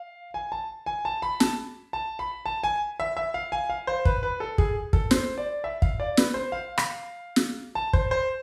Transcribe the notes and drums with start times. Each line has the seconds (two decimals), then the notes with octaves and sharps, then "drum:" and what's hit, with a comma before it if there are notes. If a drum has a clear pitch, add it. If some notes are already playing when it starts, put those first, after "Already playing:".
Already playing: F5
0.34 G#5
0.52 A5
0.86 G#5
1.05 A5
1.22 B5
1.40 A5, drum: snare
1.93 A5
2.19 B5
2.46 A5
2.63 G#5
3.00 E5
3.17 E5
3.34 F5
3.52 G#5
3.70 F5
3.87 C5
4.05 B4, drum: kick
4.23 B4
4.40 A4
4.58 G#4, drum: kick
4.93 A4, drum: kick
5.11 C5, drum: snare
5.38 D5
5.64 E5
5.82 F5, drum: kick
6.00 D5
6.17 B4, drum: snare
6.34 C5
6.52 F5
6.78 drum: rim click
7.36 drum: snare
7.75 A5
7.93 C5, drum: kick
8.11 C5